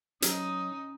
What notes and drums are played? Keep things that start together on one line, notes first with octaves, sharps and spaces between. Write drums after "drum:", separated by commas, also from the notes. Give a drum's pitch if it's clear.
F#3 C#4 D#4 C#5 D#6, drum: hi-hat